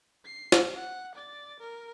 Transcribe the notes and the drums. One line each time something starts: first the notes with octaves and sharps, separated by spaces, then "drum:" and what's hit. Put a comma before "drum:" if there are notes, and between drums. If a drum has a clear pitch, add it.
C7
drum: snare
F#5
D5 A6
A#4